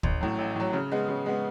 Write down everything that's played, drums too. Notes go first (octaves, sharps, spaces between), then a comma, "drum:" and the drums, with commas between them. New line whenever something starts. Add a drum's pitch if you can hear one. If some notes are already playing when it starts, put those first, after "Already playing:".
A1, drum: kick
A2 F#3
A1
A2 F#3
C#3
G#3 B3
C#3
G#3 B3